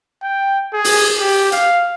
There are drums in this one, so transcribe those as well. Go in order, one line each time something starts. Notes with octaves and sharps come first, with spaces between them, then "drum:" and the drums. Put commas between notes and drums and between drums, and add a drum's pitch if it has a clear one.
G5
G#4
drum: open hi-hat
G4
F5, drum: hi-hat